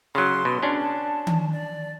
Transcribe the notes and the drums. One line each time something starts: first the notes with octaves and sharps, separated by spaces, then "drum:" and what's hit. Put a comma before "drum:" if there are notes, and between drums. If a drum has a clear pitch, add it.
C#3 F#3 C6
B2
C#4 D4
A5
drum: tom D#3
D5